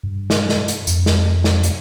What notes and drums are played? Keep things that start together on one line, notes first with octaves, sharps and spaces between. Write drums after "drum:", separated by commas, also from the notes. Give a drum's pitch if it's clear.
G2
drum: snare
drum: snare
drum: hi-hat
F2, drum: hi-hat
drum: snare
drum: snare
drum: hi-hat